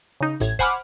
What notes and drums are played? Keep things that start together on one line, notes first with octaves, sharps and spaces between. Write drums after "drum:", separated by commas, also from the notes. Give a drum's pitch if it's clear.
C#3 D#4
A1 A2 G#6, drum: hi-hat
C5 F#5 G#5 B5 D6 F6, drum: kick